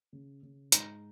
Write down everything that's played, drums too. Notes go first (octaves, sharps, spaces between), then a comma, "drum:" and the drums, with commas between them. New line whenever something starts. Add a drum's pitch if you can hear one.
C#3
C#3
G#2 D#4, drum: hi-hat